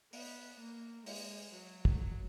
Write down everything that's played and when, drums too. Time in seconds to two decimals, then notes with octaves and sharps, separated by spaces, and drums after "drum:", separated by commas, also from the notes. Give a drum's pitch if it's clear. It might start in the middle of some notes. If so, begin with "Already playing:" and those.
0.13 B3, drum: open hi-hat
0.60 A#3
1.06 G#3, drum: open hi-hat
1.54 F#3
1.85 drum: kick